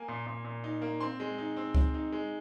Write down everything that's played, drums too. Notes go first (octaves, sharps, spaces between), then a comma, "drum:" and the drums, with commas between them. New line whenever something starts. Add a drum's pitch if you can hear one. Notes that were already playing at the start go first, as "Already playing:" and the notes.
Already playing: A#3 G#5
A#2
A#2
A#2
D#4
A#3
C4 C6
G#3
D#4
C4
C4, drum: kick C#2
D#4
G#3